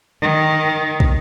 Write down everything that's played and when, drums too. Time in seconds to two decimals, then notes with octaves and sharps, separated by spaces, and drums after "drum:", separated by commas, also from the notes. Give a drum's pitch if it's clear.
0.22 D#3
1.00 drum: kick